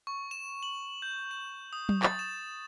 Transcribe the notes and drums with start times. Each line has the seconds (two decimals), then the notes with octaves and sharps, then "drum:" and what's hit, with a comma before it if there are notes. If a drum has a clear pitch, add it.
0.07 C#6
0.31 E7
0.63 F#7
1.02 G6
1.31 E7
1.73 D#6
1.89 drum: tom F#3
2.03 A6, drum: clap
2.19 E7